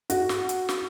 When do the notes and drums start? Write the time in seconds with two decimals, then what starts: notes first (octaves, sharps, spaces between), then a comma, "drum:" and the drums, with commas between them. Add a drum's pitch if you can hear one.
0.10 F#4, drum: hi-hat
0.29 drum: snare
0.49 drum: hi-hat
0.69 drum: snare